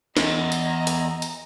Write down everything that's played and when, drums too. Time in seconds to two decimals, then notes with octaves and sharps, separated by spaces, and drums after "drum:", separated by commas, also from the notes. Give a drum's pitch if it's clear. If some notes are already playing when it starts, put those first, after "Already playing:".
0.17 E2 D#5 A#5, drum: snare
0.52 drum: hi-hat
0.87 drum: hi-hat
1.22 drum: hi-hat